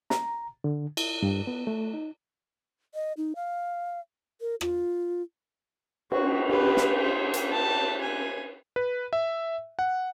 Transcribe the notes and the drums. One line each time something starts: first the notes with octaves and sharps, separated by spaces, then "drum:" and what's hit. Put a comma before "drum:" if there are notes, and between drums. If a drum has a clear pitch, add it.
A#5, drum: snare
D3
E4, drum: cymbal
G2
B3
A3
D#4
D#5
D#4
F5
A#4
F4, drum: rim click
F#4, drum: cymbal
G4 B4, drum: cymbal
drum: snare
C5
drum: hi-hat
A5
G#5
B4
E5
F#5